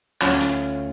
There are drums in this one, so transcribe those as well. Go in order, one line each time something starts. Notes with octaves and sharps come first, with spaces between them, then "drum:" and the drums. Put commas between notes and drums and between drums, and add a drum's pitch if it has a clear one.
D2 C#4 F4, drum: clap
drum: hi-hat